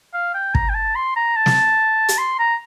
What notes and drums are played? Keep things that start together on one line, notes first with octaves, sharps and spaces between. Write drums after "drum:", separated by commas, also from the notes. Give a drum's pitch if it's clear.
F5
G5
A#5, drum: kick
G5
A5
C6
A#5
A5
drum: snare
drum: hi-hat
C6
A#5